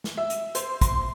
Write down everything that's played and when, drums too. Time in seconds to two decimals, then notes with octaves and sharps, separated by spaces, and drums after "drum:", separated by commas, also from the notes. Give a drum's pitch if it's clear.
0.04 drum: snare
0.17 E5
0.30 drum: hi-hat
0.55 C5, drum: hi-hat
0.81 C6, drum: kick, hi-hat